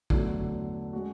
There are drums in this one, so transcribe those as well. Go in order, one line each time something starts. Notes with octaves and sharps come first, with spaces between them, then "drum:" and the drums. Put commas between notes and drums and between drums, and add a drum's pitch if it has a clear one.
E2 D3 F#3 A3 D4, drum: kick
G#3 C#4 F#4